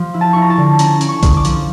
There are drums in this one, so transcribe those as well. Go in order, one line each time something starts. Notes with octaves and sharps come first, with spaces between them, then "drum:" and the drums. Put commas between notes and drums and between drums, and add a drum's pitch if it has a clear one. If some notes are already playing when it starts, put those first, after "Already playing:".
Already playing: F3
E4
A5
E4 C#6
A#5
A5
D3
C#4 A#5, drum: hi-hat
C#4, drum: hi-hat
C#6
D3, drum: kick A#1, hi-hat
D6
F3, drum: hi-hat